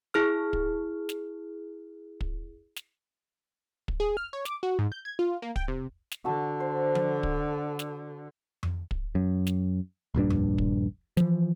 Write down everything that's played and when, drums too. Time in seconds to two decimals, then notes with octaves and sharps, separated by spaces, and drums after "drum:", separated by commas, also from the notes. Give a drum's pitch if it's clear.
0.14 E4 G#4 F6
0.53 drum: kick
1.09 drum: snare
2.21 drum: kick
2.76 drum: snare
3.88 drum: kick
4.00 G#4
4.17 F6
4.33 C#5
4.45 D6, drum: snare
4.63 F#4
4.79 G#2
4.92 G6
5.05 G#6
5.19 F4
5.42 A#3
5.56 G5, drum: kick
5.68 C3
6.12 drum: snare
6.25 D3 F#4 A5
6.60 C5
6.95 drum: tom F3
7.23 drum: kick
7.79 drum: snare
8.63 drum: tom F2
8.91 drum: kick
9.15 F#2
9.47 drum: snare
10.14 D#1 A#1 G2 D4
10.30 drum: tom F2
10.58 drum: kick
11.17 E3 F3, drum: snare